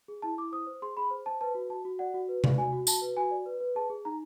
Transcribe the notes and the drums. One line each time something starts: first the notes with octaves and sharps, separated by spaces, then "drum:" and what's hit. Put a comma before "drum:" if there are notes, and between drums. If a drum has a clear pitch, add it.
G#4
E4 A5
E4 D6
C5 D#6
C5
G#4 C6
G#4 B5
C5
C5 A5
B4 A5
F#4
F#4 A5
F#4
D5 F#5
F#4
B4
D5, drum: tom C3
F#4 G#5
F#4
F#4 A5, drum: tambourine
B4
F#4 G#5
D5
B4
B4
G#4 A5
G#4
D#4 A#5